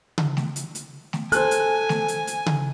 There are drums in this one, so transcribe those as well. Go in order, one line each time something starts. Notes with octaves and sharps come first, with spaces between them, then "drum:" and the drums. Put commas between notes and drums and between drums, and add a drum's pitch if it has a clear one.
drum: tom C#3
drum: snare
drum: hi-hat
drum: hi-hat
drum: snare
A4 C5 G#5 F#6, drum: hi-hat
drum: hi-hat
drum: snare
drum: hi-hat
drum: hi-hat
drum: tom C#3